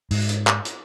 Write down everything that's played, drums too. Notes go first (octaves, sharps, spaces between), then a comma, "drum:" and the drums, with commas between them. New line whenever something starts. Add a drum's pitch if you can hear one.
G#2, drum: open hi-hat
drum: hi-hat
drum: clap
drum: hi-hat